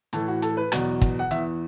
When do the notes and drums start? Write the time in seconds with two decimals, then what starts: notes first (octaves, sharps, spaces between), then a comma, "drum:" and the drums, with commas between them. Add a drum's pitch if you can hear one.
0.13 A2 E3 A4, drum: hi-hat
0.28 F#4
0.42 A4, drum: hi-hat
0.57 B4
0.72 E2 B2 F#3 D5, drum: rim click
1.01 drum: kick, hi-hat
1.19 F#5
1.31 E2 E3 E5, drum: hi-hat